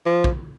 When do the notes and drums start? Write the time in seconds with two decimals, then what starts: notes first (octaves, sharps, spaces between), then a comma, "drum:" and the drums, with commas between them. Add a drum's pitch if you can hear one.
0.06 F3
0.24 drum: kick